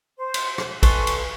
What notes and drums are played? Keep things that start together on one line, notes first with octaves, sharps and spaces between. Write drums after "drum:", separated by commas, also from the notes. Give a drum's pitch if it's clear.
C5
drum: cymbal
drum: rim click
A4 B4 G#5 C6 C#6, drum: kick A1, cymbal
drum: cymbal